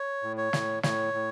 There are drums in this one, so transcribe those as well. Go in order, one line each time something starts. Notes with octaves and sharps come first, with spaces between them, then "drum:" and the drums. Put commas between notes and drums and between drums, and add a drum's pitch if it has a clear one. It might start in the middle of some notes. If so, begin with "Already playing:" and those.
Already playing: C#5
A2
C#5
A2, drum: snare
A2 C#5, drum: snare
A2